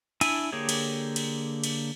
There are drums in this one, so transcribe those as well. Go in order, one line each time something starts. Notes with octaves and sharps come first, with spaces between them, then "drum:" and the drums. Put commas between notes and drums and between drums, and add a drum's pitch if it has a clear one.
D4 E4 G#5 E6, drum: cymbal
D3 A#3 G4 G#4 C#5
drum: cymbal
drum: cymbal
drum: cymbal